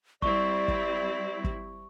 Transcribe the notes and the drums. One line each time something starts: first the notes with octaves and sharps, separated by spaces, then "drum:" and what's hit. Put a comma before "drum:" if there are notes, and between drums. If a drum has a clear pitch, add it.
G3 C4 E4 D5 C#6, drum: kick
drum: kick
drum: kick